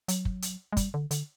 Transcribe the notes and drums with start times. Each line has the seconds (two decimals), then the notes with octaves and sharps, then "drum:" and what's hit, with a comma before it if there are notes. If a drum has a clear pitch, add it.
0.08 F#3, drum: hi-hat
0.25 drum: kick
0.42 drum: hi-hat
0.72 G#3
0.77 G3, drum: kick, hi-hat
0.94 D3
1.11 D3, drum: hi-hat